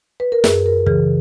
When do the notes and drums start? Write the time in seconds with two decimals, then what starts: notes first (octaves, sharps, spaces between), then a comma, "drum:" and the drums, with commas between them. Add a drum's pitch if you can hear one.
0.20 B4
0.32 A#4
0.44 F#2 G#4, drum: snare
0.66 A#4
0.87 C#3 E3 G#4, drum: kick